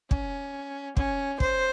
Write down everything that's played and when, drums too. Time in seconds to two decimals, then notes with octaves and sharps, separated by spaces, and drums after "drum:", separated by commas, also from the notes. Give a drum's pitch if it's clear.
0.11 C#4, drum: kick
0.97 C#4, drum: kick
1.40 C5, drum: kick